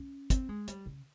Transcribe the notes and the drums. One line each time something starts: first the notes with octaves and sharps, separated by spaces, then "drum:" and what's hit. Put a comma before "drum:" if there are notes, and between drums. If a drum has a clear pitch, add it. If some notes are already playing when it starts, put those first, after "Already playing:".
Already playing: C#4
C4, drum: kick, hi-hat
G#3
G3, drum: hi-hat
C#3